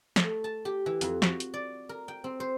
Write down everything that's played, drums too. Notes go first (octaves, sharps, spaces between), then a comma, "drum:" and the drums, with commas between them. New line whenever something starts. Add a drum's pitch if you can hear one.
A3, drum: snare
A5
G4
E3
F2, drum: hi-hat
F#4, drum: snare
drum: hi-hat
D5
A#4
G5
C4
C5